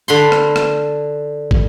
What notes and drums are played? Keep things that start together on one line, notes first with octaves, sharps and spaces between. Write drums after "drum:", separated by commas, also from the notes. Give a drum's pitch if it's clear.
D3 B5 C6
drum: rim click
drum: rim click
drum: kick